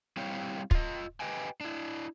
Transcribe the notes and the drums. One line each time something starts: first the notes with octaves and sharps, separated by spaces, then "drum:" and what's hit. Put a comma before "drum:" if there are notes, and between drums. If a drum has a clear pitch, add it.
G3 C4 E4 G4 C#5 F5
F4 D#5, drum: kick
G4 B4 D#5 G5 G#5
D4 E4